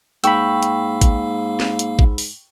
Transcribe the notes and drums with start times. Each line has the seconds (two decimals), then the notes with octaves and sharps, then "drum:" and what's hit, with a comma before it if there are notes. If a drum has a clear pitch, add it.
0.24 G#2 A#3 F5 G5 B5 C#6 E6, drum: hi-hat
0.63 drum: hi-hat
1.01 drum: kick, hi-hat
1.60 drum: snare
1.79 drum: hi-hat
1.99 drum: kick
2.18 drum: open hi-hat